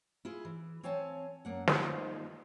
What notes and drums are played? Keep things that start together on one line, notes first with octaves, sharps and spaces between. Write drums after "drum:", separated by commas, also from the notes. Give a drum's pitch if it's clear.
E4 F4 G#4
E3
C4 C#5 F5 G#5 A5
F#2 A#3 F#5
F3 G3 G#3 A#3 D#4 F4, drum: snare